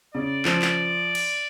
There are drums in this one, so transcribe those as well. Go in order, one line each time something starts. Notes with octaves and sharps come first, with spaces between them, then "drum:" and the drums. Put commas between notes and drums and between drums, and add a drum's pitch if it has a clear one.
C#3 D5
F3, drum: clap
drum: clap
drum: cymbal